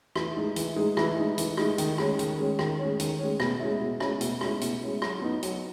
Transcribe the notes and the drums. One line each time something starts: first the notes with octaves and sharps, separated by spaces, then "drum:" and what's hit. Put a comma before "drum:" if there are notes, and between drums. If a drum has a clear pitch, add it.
E3, drum: rim click
G#3 D#4
E3, drum: hi-hat
G#3 D#4
E3, drum: rim click
G#3 D#4
E3, drum: hi-hat
G#3 D#4, drum: rim click
D#3, drum: hi-hat
G#3 C#4, drum: rim click
D#3, drum: hi-hat
G#3 C#4
D#3, drum: rim click
G#3 C#4
D#3, drum: hi-hat
G#3 C#4
B2, drum: rim click
G#3 C#4 E4
B2
G#3 C#4 E4, drum: rim click
B2, drum: hi-hat
G#3 C#4 E4, drum: rim click
B2, drum: hi-hat
G#3 C#4 E4
F#3, drum: rim click
B3 D#4
F#3, drum: hi-hat